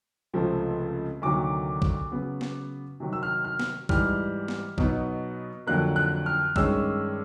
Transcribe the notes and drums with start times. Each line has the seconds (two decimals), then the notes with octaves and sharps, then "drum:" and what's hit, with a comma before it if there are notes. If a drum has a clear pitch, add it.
0.33 C#2 C3 F3 A3 C4
1.22 D2 C3 D#3 F#3 A#3 D6
1.82 drum: kick A#1
2.11 C#3 F#3 B3
2.41 drum: snare
3.00 C3 D#3 F#3
3.13 E6
3.23 F6
3.45 F6
3.59 drum: snare
3.89 G#2 E3 G3 F6, drum: kick A#1
4.48 drum: snare
4.78 B2 F#3 B3 D#4, drum: kick A#1
5.67 F2 D3 F#3 A#3 F#6
5.96 F#6
6.26 F6
6.56 G2 D#3 G#3 C#4 E6, drum: kick A#1